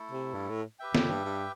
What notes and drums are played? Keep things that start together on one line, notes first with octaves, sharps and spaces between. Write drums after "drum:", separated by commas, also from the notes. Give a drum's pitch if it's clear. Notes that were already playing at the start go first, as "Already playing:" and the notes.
Already playing: A3 E4 A4
C3
G2
A2
G4 B4 E5 G5
F2, drum: snare
G2
G2